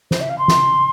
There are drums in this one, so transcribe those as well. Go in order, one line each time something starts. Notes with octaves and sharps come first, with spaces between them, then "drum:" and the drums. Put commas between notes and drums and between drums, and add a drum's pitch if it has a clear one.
C5, drum: snare
E5
F5
C6
drum: snare